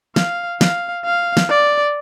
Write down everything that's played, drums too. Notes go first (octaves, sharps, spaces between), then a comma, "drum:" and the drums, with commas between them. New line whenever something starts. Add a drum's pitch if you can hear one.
F5, drum: snare
F5, drum: snare
F5
drum: snare
D5